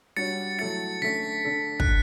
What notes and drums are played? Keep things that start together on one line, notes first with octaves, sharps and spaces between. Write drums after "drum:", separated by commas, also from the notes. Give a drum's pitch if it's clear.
G3 D4 F#4 C#5 A6 C#7
F#3 A3 E4 A6 C#7
D3 A3 C#4 B6
D3 A3 D4 A4
F#6, drum: kick